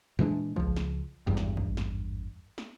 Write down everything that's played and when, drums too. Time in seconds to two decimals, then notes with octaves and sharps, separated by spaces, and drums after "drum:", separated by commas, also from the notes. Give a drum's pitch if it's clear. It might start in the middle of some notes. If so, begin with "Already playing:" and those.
0.19 A#2 E3 G#3 D4
0.56 C#2 F3, drum: kick
0.76 drum: snare
1.27 G#1 E2 G2
1.37 drum: snare
1.57 drum: kick
1.77 drum: snare
2.58 drum: snare